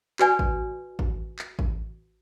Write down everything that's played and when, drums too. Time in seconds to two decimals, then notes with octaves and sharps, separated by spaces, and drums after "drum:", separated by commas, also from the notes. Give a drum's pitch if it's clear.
0.19 F#4 B4 D5 G#5, drum: clap
0.39 drum: kick A1
0.99 drum: kick A1
1.39 drum: clap
1.59 drum: kick A1